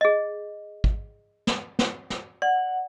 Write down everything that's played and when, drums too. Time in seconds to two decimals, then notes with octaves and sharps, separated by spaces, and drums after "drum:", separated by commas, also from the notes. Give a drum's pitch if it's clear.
0.01 G#4 D#5
0.84 drum: kick
1.47 drum: snare
1.79 drum: snare
2.10 drum: snare
2.42 D5 F#5